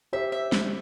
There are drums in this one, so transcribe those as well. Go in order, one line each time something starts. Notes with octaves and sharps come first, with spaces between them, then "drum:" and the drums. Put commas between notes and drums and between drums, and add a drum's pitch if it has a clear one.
G4 C5 E5
E5
drum: snare